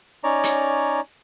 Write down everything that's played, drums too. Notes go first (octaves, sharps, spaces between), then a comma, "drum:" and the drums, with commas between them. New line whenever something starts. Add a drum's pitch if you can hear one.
C#4 D#4 C#5 D5 A#5
drum: hi-hat